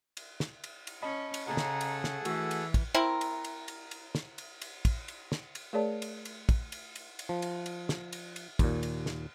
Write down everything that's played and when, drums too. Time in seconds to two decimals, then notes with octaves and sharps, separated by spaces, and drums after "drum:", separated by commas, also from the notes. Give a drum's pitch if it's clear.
0.17 drum: cymbal
0.40 drum: snare
0.64 drum: cymbal
0.87 drum: cymbal
1.03 C#4 D#5 A5 B5
1.34 drum: cymbal
1.47 C#3 G#4 A4 F#5 A#5
1.57 drum: snare
1.81 drum: cymbal
2.04 drum: snare
2.25 E3 A3 F#4 E6, drum: cymbal
2.51 drum: cymbal
2.74 drum: kick, cymbal
2.94 C4 E4 A#4
3.21 drum: cymbal
3.44 drum: cymbal
3.68 drum: cymbal
3.91 drum: cymbal
4.15 drum: snare
4.38 drum: cymbal
4.62 drum: cymbal
4.85 drum: kick, cymbal
5.08 drum: cymbal
5.32 drum: snare
5.55 drum: cymbal
5.73 A3 G#4 A#4 C#5 D5 A5
6.02 drum: cymbal
6.25 drum: cymbal
6.49 drum: kick, cymbal
6.72 drum: cymbal
6.96 drum: cymbal
7.19 drum: cymbal
7.29 F3
7.42 drum: cymbal
7.66 drum: cymbal
7.89 drum: snare
8.13 drum: cymbal
8.36 drum: cymbal
8.59 D#2 A#2, drum: kick, cymbal
8.83 drum: cymbal
9.06 drum: snare